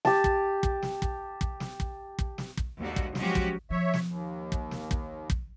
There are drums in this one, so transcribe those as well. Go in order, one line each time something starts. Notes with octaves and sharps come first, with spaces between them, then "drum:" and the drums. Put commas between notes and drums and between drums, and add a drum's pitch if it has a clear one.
G4 A5, drum: snare
drum: kick
drum: kick
drum: snare
drum: kick
drum: kick
drum: snare
drum: kick
drum: kick
drum: snare
drum: kick
D#2 G#2 D3 G3 A#3 F#4
drum: kick
F3 F#3 G#3 C#4 F#4 G4, drum: snare
drum: kick
F3 C#5 E5
drum: snare
D#2
drum: kick
drum: snare
drum: kick
drum: kick